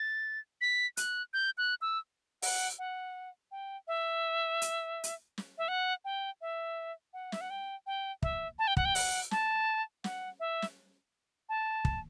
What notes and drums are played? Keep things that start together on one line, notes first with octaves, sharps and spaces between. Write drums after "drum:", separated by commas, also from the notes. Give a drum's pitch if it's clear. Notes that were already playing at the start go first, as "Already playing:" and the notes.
Already playing: A6
B6
F#6, drum: hi-hat
G6
F#6
E6
F#5, drum: open hi-hat
F#5
G5
E5
drum: hi-hat
drum: hi-hat
drum: snare
E5
F#5
G5
E5
F#5
E5, drum: snare
F#5
G5
G5
E5, drum: kick
A5
G5
F#5, drum: kick
G5
F#5, drum: open hi-hat
A5, drum: snare
F#5, drum: snare
E5
drum: snare
A5
drum: kick